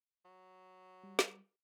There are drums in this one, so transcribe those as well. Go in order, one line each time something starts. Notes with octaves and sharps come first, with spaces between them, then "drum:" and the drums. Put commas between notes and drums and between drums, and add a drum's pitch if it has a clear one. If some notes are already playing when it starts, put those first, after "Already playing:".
F#3
G3
drum: snare